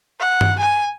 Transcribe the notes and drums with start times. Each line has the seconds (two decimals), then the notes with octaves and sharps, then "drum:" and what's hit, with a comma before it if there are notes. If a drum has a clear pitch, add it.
0.20 F#5
0.41 drum: tom G2
0.60 G#5